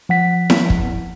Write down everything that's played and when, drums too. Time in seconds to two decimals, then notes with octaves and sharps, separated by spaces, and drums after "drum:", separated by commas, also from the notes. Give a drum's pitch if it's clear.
0.09 F3 F#5 B6
0.50 drum: snare E4
0.70 drum: kick